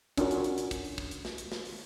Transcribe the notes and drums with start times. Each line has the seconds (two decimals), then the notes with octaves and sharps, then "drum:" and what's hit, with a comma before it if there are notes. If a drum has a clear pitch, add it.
0.18 C#4 D4 F4 F#4 A#4, drum: kick, hi-hat
0.31 drum: hi-hat
0.44 drum: hi-hat
0.58 drum: hi-hat
0.71 drum: kick, hi-hat
0.85 drum: open hi-hat
0.98 drum: kick
1.11 drum: hi-hat
1.25 drum: snare
1.38 drum: hi-hat
1.52 drum: snare
1.65 drum: open hi-hat